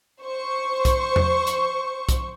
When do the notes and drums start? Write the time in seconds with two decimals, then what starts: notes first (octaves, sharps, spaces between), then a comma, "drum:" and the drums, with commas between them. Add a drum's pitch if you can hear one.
0.23 C5 C#6
0.85 drum: kick B1, hi-hat
1.16 drum: tom E2
1.47 drum: hi-hat
2.09 drum: kick B1, hi-hat